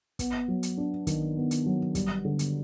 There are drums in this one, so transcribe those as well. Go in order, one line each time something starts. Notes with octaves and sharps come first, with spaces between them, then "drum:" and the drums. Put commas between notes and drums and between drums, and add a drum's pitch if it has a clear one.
B3, drum: kick, hi-hat
F#3
drum: hi-hat
D4
D#3, drum: kick, hi-hat
B3
drum: hi-hat
F#3
G3, drum: kick, hi-hat
D3
drum: hi-hat